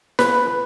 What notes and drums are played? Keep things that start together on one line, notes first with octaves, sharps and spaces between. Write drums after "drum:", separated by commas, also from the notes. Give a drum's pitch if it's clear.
B4, drum: snare